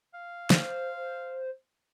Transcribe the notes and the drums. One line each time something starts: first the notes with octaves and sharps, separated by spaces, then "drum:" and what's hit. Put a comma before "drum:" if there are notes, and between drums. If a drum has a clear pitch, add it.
F5
C5, drum: snare